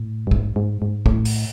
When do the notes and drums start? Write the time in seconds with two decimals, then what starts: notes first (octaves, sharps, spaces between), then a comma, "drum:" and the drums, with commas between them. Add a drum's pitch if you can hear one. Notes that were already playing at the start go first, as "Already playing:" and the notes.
Already playing: A2
0.27 G2
0.31 G#2, drum: kick
0.56 G#2
0.82 G#2
1.06 A2, drum: kick
1.25 drum: open hi-hat